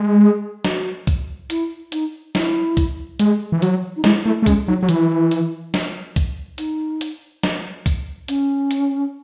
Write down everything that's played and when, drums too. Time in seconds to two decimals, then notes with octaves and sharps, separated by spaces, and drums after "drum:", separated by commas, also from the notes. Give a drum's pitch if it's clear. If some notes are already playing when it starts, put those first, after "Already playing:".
Already playing: G#3
0.22 G#4
0.65 F#4, drum: snare
1.07 drum: kick B1, hi-hat
1.50 E4, drum: hi-hat
1.92 D#4, drum: hi-hat
2.35 E4, drum: snare
2.77 drum: kick B1, hi-hat
3.19 G#3, drum: hi-hat
3.52 E3
3.62 F#3, drum: hi-hat
3.96 D#4
4.04 G#3 E4, drum: snare
4.25 A3 E4
4.42 A3
4.46 G#3 C#4, drum: kick B1, hi-hat
4.68 F#3 D#4
4.81 F#3 F#4
4.89 E3 E4, drum: hi-hat
5.31 drum: hi-hat
5.74 drum: snare
6.16 drum: kick B1, hi-hat
6.58 D#4, drum: hi-hat
7.01 drum: hi-hat
7.43 drum: snare
7.86 drum: kick B1, hi-hat
8.28 C#4, drum: hi-hat
8.71 drum: hi-hat